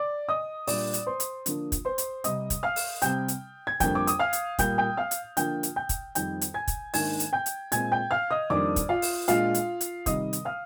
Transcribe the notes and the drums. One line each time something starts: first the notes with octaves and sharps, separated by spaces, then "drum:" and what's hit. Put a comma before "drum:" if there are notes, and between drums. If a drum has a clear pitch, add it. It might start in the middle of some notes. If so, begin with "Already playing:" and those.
Already playing: D5 D6
D#5 D#6
A#2 G3 D4 D5 D6, drum: open hi-hat
drum: hi-hat
C5 C6
drum: hi-hat
D3 F3 A#3 D4, drum: hi-hat
drum: kick, hi-hat
C5 C6
drum: hi-hat
C3 G3 C4 D#5 D#6, drum: hi-hat
drum: kick, hi-hat
F5 F6
drum: open hi-hat
C3 G3 C4 G5 G6, drum: hi-hat
drum: hi-hat
G#6
F2 D3 G3 A#3 D4 G5 G6, drum: kick, hi-hat
D6
D#6, drum: hi-hat
F5 F6
drum: hi-hat
A#2 G3 A#3 G5 G6, drum: kick, hi-hat
G5 G6
F5 F6
drum: hi-hat
D3 F3 A#3 D4 G5 G6, drum: hi-hat
drum: hi-hat
G5 G6
drum: kick, hi-hat
F2 D#3 G3 C4 G5 G6, drum: hi-hat
drum: hi-hat
G#5 G#6
drum: kick, hi-hat
G#2 D#3 A#3 D4 G#5 G#6, drum: open hi-hat
drum: hi-hat
G5 G6
drum: hi-hat
A#2 G#3 C4 G#5 G#6, drum: hi-hat
G5 G6
F5 F6
D#5 D#6
F2 D#3 G3 A#3 D4 D5 D6
drum: kick, hi-hat
F4 F5
drum: open hi-hat
A#2 G#3 D4 F4 F5, drum: hi-hat
drum: hi-hat
drum: hi-hat
C3 D#3 G3 D#5 D#6, drum: kick, hi-hat
drum: hi-hat
F5 F6